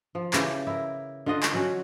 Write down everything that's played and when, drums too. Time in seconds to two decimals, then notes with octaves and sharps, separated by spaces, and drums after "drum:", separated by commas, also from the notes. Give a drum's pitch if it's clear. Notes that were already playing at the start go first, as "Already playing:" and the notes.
0.15 F3
0.33 C#3 E3 G4, drum: clap
0.67 E4 A#4
1.26 D3 F4 D#5 F#5
1.43 drum: clap
1.53 F#3 C#4 F#4